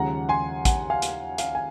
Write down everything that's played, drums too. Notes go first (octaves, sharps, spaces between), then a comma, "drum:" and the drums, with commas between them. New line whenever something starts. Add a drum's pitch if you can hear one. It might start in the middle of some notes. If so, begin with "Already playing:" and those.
Already playing: D#2 C#3 F3 G#3 F#5 A#5
G#5 C6
F#5, drum: kick, hi-hat
F5 G#5
drum: hi-hat
F5, drum: hi-hat
G#5